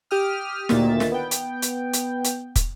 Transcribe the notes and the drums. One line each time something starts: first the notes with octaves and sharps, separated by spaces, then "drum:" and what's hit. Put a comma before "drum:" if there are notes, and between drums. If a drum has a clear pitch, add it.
G4 G5 D#6 F6
D2 A#2 D#3 A#3 E5 A6, drum: snare
drum: snare
B3 G5
drum: hi-hat
drum: hi-hat
drum: hi-hat
drum: hi-hat
drum: kick, hi-hat